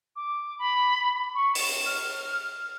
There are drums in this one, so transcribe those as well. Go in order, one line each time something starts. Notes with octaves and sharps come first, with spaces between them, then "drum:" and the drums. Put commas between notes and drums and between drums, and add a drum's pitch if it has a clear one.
D6
B5
C#6
E7, drum: open hi-hat
F6